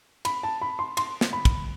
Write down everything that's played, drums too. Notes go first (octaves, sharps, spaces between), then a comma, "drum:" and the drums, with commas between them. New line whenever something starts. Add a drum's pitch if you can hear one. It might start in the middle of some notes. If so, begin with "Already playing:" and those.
B5, drum: cymbal
A5
B5
C6
C6, drum: cymbal
drum: snare
B5
drum: kick, cymbal